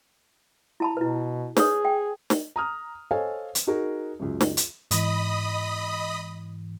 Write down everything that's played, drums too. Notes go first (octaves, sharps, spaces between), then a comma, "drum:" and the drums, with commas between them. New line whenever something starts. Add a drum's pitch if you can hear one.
E4 A5 B5
B2 E4 B4
G#4 B4 C#5 D#6, drum: snare
G5
drum: snare
A#5 D#6 F6
A4 C5 C#5 D#5 F5 G#5
drum: hi-hat
D#4 F#4 G#4 A#4
C#2 F#2
drum: snare
drum: hi-hat
G#2 E3 D#5 B5 D#6, drum: hi-hat